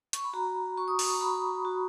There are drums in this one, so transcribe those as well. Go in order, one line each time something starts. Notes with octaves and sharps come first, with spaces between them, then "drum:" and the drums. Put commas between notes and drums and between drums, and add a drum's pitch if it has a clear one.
C#6, drum: hi-hat
B5
F#4 A#5
F#4 C#6
D#6
C#6, drum: open hi-hat
A#5
F#4 B5
F#4